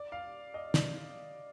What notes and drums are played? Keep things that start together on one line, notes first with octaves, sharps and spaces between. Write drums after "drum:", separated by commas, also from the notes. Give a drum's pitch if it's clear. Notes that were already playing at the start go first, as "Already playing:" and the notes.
Already playing: D5
F5
D#5
D5, drum: snare